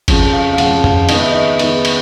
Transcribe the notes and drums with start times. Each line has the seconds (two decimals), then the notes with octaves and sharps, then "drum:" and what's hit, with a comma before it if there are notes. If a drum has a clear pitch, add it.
0.08 F2 C#3 F3 G#3, drum: kick G#1, cymbal
0.33 F5
0.53 F5
0.58 F2 C#3 F3 G#3 F#5, drum: cymbal
0.84 F5, drum: tom
1.09 D#3 G#3 B3 D#5, drum: cymbal
1.20 E5
1.31 D#5
1.59 D#3 G#3 B3, drum: cymbal
1.85 drum: cymbal